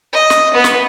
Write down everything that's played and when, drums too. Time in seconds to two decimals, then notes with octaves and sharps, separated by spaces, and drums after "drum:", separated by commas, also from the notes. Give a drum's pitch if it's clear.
0.13 D#5
0.30 drum: snare
0.54 B3
0.64 drum: snare